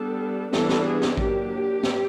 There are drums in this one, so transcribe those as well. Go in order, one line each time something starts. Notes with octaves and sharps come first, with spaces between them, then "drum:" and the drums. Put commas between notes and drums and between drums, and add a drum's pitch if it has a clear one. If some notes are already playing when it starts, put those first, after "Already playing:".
Already playing: G3 B3 D4 A4
E3 G3 B3 D4 A4, drum: snare
drum: snare
G#4
drum: snare
F#3 A#3 D4 G4, drum: kick A1
drum: snare